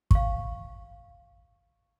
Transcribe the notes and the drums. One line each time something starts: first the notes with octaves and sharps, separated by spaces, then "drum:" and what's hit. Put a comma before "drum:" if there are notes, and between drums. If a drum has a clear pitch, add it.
F5 C#6, drum: kick